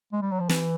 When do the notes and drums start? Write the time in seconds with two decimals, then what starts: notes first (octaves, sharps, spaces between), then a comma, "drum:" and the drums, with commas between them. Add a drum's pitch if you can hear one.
0.12 G#3
0.22 G3
0.31 F#3
0.40 F3
0.49 E3, drum: snare